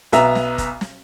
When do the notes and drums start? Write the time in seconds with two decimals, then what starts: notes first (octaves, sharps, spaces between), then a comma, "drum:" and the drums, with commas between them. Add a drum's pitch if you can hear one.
0.12 B1 B3 E5 A#5, drum: hi-hat
0.35 drum: snare
0.58 drum: kick, hi-hat
0.81 drum: snare